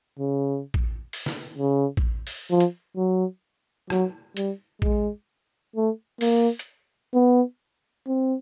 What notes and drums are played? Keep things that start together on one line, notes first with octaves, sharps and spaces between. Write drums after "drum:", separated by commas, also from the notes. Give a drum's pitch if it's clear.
C#3
drum: kick
drum: open hi-hat
drum: snare
C#3
drum: kick
drum: open hi-hat
F3
drum: hi-hat
F#3
F#3, drum: rim click
G3, drum: hi-hat
G#3, drum: kick
A3
A#3, drum: open hi-hat
drum: hi-hat
B3
C4